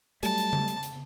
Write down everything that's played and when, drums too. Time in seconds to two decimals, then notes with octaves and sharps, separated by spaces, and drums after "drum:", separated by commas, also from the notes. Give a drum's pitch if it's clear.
0.23 F#3 G3 A3 A5, drum: hi-hat
0.38 drum: hi-hat
0.53 drum: tom C#3
0.68 drum: hi-hat
0.83 drum: hi-hat